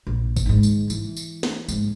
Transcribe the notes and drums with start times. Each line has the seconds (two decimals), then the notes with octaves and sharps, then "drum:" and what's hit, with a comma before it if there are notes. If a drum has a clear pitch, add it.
0.07 A#1
0.37 drum: kick G#1, tambourine
0.46 G#2 D#3
0.63 drum: tambourine
0.90 E3, drum: tambourine
1.17 drum: tambourine
1.43 drum: snare
1.68 G#2, drum: tambourine